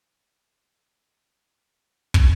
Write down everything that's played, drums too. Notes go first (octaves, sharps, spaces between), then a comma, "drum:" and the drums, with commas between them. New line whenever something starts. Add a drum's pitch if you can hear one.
A#2
drum: kick